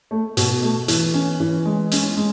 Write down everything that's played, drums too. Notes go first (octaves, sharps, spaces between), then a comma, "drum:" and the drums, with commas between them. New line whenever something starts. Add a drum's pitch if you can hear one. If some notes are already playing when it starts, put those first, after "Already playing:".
A3
B2, drum: hi-hat
A3
E3, drum: hi-hat
C#4
E3
G#3
C#4, drum: hi-hat
G#3